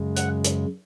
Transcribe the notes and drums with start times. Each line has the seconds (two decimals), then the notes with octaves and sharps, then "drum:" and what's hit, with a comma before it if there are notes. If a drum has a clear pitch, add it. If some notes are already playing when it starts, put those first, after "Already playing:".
Already playing: F#2 C#3 G#3
0.16 F#5, drum: hi-hat
0.44 drum: hi-hat